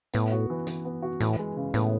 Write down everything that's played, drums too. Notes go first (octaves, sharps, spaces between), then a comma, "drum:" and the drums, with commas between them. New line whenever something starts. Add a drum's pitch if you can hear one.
A2 B3, drum: hi-hat
F#4
E3
E3, drum: hi-hat
B3
F#4
A2 E3, drum: hi-hat
G#3
C#3
A2 B3, drum: hi-hat